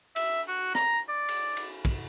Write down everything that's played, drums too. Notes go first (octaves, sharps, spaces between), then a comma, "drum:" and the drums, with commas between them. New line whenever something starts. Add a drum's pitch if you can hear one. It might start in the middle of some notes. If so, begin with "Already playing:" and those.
E5, drum: cymbal
F#4
A#5, drum: rim click
D5
drum: cymbal
drum: cymbal
drum: kick, cymbal